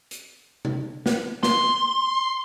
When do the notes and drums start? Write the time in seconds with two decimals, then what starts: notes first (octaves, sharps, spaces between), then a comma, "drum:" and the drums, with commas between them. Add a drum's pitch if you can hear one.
0.11 drum: hi-hat
0.65 drum: tom C3
1.06 drum: snare
1.43 C6, drum: snare